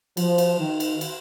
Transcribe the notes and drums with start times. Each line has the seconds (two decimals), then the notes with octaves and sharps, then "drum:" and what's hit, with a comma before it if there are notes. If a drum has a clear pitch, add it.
0.17 F3, drum: cymbal
0.38 drum: cymbal
0.59 D#3
0.80 drum: cymbal
1.01 drum: cymbal